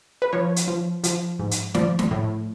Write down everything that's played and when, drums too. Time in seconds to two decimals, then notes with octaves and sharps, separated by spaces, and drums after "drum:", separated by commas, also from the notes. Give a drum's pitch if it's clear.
0.22 B4
0.33 F3 C#5
0.56 drum: hi-hat
0.68 F3
1.04 F3, drum: hi-hat
1.39 G#2
1.51 drum: hi-hat
1.74 F3 D5, drum: snare
1.99 drum: snare
2.11 A2